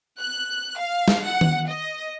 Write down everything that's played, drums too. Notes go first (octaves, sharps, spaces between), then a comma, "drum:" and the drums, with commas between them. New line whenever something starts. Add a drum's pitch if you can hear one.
F#6
F5
drum: snare
F#5
drum: tom D#3
D#5